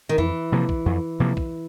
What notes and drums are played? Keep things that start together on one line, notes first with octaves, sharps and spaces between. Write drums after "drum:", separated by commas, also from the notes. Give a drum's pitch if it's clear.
D#3
F2 E3
C3 F3 A#3
drum: kick B1
F2
C3 F3 A#3
drum: kick B1